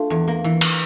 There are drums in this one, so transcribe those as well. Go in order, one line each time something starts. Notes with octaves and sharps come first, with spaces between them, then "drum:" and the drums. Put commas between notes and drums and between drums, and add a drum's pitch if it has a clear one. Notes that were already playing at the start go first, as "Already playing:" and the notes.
Already playing: A3 D4 F4
E2
A#3
E3
drum: cymbal